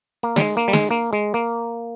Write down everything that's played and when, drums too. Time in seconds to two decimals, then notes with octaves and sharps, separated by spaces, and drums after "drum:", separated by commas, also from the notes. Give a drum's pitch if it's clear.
0.23 A#3
0.36 G3, drum: snare
0.40 G#3
0.57 A#3
0.68 G3
0.73 G#3, drum: snare
0.91 A#3
1.13 G#3
1.34 A#3